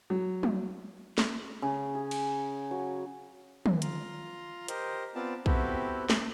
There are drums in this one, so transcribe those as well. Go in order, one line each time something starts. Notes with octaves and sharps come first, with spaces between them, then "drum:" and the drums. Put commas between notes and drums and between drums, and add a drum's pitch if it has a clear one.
F#3
drum: tom
drum: snare
C#3
G#4
drum: cymbal
F#3
drum: tom
F4 A#5 C6, drum: hi-hat
G4 A#4 C5 D#5, drum: hi-hat
B3 C4 F4 D5 A5
B3 C4 E4 F#4 G4 A4, drum: kick B1
drum: snare